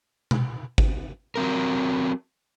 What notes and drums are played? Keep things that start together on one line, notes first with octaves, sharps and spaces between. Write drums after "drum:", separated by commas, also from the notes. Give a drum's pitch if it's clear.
drum: tom B2
drum: kick G#1
F#3 C4 A#4